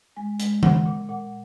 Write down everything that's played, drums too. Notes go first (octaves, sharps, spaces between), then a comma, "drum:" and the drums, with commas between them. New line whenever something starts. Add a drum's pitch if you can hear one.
G#3 G#5
G#3, drum: hi-hat
A#2 F#5, drum: tom D#3
A#2
A#2 F#5